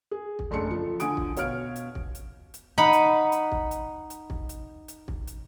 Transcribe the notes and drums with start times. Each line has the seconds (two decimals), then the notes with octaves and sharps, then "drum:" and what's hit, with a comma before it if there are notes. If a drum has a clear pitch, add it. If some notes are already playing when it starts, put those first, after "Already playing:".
0.11 G#4
0.39 drum: kick
0.51 F#1 A3 D4 C6 C#7
0.71 F3 A4
1.00 D3 F3 G#5 D#6 D7, drum: hi-hat
1.17 drum: kick
1.37 B2 C#5 F5 F6 D7, drum: hi-hat
1.76 drum: hi-hat
1.95 drum: kick
2.15 drum: hi-hat
2.54 drum: hi-hat
2.78 D#4 F#5 B5
2.93 drum: hi-hat
3.32 drum: hi-hat
3.52 drum: kick
3.71 drum: hi-hat
4.10 drum: hi-hat
4.30 drum: kick
4.49 drum: hi-hat
4.88 drum: hi-hat
5.08 drum: kick
5.27 drum: hi-hat